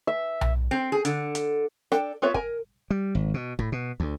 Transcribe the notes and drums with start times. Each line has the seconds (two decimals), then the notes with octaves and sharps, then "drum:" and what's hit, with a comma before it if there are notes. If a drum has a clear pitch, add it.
0.07 E5
0.41 drum: tom B1
0.71 C4
0.92 G#4
1.05 D3, drum: hi-hat
1.35 drum: hi-hat
1.92 D4 A4 G5, drum: rim click
2.22 B3 F4 A4 C#5 E5
2.34 A#4 G#5, drum: kick G1
2.90 G3
3.15 G#1
3.34 B2
3.59 A2, drum: kick G1
3.72 B2
4.00 D2